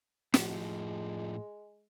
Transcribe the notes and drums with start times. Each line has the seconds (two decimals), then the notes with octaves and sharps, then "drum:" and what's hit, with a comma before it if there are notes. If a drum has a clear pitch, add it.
0.34 A2 F3 G#3, drum: snare